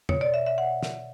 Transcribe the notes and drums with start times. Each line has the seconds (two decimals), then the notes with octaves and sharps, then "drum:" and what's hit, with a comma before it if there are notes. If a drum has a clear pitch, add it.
0.09 B2 C#5, drum: tom E2
0.21 D5
0.34 E5
0.46 E5
0.58 F#5
0.83 drum: snare